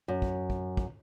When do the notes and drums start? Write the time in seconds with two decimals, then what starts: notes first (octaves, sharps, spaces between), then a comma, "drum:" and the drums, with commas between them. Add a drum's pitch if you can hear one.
0.08 F#2
0.22 drum: kick
0.50 drum: kick
0.77 drum: kick